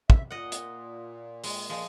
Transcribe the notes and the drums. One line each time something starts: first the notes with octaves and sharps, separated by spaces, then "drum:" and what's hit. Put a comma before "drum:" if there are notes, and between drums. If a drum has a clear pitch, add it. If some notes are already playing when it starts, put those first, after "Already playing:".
E5, drum: kick
A#2 D#5 F#5
drum: hi-hat
G#3, drum: open hi-hat
F3 G#3